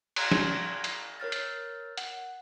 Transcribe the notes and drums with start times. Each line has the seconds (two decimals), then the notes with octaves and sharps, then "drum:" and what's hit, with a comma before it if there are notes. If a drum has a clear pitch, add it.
0.16 A#5 C6 F#6 G#6, drum: cymbal
0.32 drum: snare
0.84 drum: hi-hat
1.20 A#4 C#5 F6 A6
1.32 drum: hi-hat
1.97 F#5, drum: hi-hat